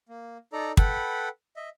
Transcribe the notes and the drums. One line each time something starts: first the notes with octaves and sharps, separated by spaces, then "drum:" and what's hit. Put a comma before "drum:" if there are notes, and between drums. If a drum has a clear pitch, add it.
A#3
D#4 A4 D5 A#5
A4 B4 F#5 G5 B5, drum: kick
D#5 E5